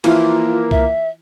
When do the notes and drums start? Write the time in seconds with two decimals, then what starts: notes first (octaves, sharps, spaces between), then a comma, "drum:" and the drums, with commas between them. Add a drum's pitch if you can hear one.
0.04 E3 F3 A#3 E4 F4, drum: cymbal
0.71 E5, drum: kick C2